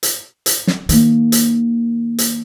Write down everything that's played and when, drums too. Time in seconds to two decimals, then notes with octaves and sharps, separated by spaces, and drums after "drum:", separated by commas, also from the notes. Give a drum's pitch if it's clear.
0.03 drum: hi-hat
0.46 drum: hi-hat
0.67 drum: snare
0.89 D#3 A#3, drum: hi-hat
1.32 drum: hi-hat
2.18 drum: hi-hat